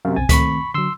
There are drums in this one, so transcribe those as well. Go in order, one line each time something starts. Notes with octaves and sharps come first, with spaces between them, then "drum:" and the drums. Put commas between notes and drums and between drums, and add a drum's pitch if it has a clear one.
F#2 C3 F5
B1 C4 G#5 A6
D#3 A3 C4 B5 C#6 B6, drum: kick C#2, hi-hat
D3 F#3 C6 E6